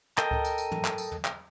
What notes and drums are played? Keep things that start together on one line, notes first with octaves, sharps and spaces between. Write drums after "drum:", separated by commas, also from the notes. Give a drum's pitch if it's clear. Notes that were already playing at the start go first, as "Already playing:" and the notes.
A4 A#4 D#5 G5, drum: clap
drum: kick C#2
drum: tambourine
drum: tambourine
drum: tom
drum: clap
drum: tambourine
drum: tom
drum: clap